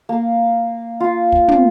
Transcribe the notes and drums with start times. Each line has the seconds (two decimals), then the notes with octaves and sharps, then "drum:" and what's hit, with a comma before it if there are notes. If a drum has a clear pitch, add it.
0.09 A#3
1.00 F4
1.32 drum: kick
1.48 drum: tom